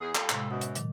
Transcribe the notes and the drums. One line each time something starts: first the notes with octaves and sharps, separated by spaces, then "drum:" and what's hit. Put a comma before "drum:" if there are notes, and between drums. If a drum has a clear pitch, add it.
E2 G#4
G3 F4 A4, drum: clap
A2 C3 G#3, drum: clap
F#2 B2 F#5 D#6
drum: hi-hat
A#2 D#3 F#3, drum: hi-hat